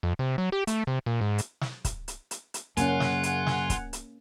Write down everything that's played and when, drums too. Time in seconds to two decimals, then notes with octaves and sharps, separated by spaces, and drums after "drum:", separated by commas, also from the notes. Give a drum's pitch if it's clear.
0.03 F2
0.19 C3
0.38 F#3
0.52 G4
0.67 A3, drum: hi-hat
0.87 C3
1.06 A#2
1.21 G#2
1.38 drum: hi-hat
1.61 drum: snare
1.85 drum: kick, hi-hat
2.08 drum: hi-hat
2.31 drum: hi-hat
2.54 drum: hi-hat
2.77 F#2 C#3 A#3 C#4 F4 F#5 G#5, drum: hi-hat
3.00 drum: snare
3.23 drum: hi-hat
3.47 drum: snare
3.70 drum: kick, hi-hat
3.93 drum: hi-hat